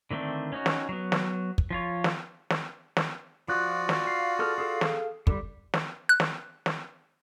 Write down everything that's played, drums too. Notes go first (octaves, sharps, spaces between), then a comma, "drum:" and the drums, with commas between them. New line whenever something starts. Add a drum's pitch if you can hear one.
D3 D#3 A3 C4 D4
C#4 D#4 F#4
drum: snare
F#3 B3
drum: snare
drum: kick
F3 F4 C#5
drum: snare
drum: snare
drum: snare
F3 F4 F#4 D5 F#6
drum: snare
F5
G#4 A4 F6
G#4 A4 F5
drum: snare
D3 G3, drum: kick
drum: snare
F#6
drum: snare
drum: snare